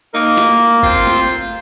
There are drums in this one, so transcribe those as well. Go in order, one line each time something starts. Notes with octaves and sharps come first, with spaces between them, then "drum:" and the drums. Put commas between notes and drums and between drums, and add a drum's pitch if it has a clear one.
A#3 D#4 A#4
drum: snare
C4 F4 C5, drum: kick
drum: snare